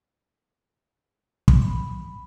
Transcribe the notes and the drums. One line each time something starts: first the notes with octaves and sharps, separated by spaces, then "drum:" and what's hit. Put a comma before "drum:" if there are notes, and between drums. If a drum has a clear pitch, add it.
drum: kick
B5